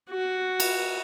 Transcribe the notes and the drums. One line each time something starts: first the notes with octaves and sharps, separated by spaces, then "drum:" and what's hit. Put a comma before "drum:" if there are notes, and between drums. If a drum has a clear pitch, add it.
F#4
drum: cymbal